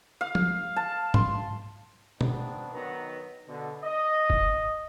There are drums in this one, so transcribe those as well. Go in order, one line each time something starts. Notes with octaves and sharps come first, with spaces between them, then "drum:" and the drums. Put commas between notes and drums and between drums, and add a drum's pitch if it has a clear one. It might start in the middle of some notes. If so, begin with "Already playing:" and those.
F5
drum: tom F3
A5
C6, drum: tom G#2
D#3 B3 C4 D4, drum: tom B2
D#3 F#3 B3 D#4 A#5
B2 D3
D#5
drum: kick